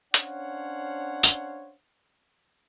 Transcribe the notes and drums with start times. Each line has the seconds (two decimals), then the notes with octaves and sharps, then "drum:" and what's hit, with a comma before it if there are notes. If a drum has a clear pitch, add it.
0.14 C#4 D4 C5 C#5 F5 F#5, drum: hi-hat
1.23 drum: tambourine